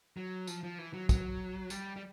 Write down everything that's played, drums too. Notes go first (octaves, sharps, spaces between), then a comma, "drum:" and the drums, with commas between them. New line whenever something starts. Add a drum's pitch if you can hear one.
F#3
F3, drum: tambourine
F3
E3
F#3
F#3, drum: kick, tambourine
G3, drum: tambourine
G3